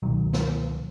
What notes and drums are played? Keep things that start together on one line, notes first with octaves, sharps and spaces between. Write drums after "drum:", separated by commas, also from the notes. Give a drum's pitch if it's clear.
C#2 B2 D#3 F#3
drum: snare